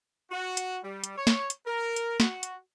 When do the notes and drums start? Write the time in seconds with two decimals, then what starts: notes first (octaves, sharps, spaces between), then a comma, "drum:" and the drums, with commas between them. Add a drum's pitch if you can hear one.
0.31 F#4
0.57 drum: hi-hat
0.84 G3
1.04 drum: hi-hat
1.18 C#5
1.27 drum: snare
1.50 drum: hi-hat
1.66 A#4
1.96 drum: hi-hat
2.20 F#4, drum: snare
2.43 drum: hi-hat